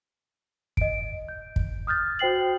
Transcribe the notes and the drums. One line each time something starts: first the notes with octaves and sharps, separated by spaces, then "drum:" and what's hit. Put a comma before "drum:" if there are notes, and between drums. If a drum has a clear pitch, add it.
D#5 D7, drum: kick
G6
drum: kick
D#6 F6 G6 A6
F#4 C5 G5 C7 F#7